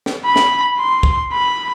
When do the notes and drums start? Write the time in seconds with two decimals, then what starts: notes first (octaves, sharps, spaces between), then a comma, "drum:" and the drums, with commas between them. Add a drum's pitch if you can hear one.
0.06 drum: snare
0.25 B5
0.36 drum: snare
0.79 C6
1.03 drum: kick C2
1.32 B5